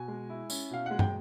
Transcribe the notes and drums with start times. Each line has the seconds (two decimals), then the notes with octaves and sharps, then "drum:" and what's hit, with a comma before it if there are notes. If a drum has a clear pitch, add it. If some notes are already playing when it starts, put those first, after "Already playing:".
Already playing: B2 G#5
0.08 G#3
0.29 E4
0.50 C#4, drum: tambourine
0.70 B2 F5
0.86 G#3 F#5
0.99 G5, drum: tom